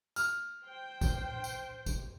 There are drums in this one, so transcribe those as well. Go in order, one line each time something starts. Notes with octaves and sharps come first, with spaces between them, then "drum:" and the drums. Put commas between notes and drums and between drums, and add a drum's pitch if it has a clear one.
F6, drum: tambourine
C5 G5
drum: kick, tambourine
drum: tambourine
drum: kick, tambourine